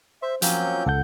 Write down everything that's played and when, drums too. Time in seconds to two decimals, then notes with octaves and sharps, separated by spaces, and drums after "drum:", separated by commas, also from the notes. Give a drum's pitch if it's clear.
0.22 C5 E5
0.42 F3 F#3 A#3 C4 C#4 G6, drum: hi-hat
0.86 C#2 A4 F#5 G6